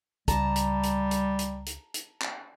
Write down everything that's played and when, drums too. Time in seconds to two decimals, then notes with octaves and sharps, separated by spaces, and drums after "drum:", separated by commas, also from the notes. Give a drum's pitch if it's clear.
0.28 C#2 G3 A5 A#5, drum: kick, hi-hat
0.56 drum: hi-hat
0.83 drum: hi-hat
1.11 drum: hi-hat
1.39 drum: hi-hat
1.66 drum: hi-hat
1.94 drum: hi-hat
2.22 drum: clap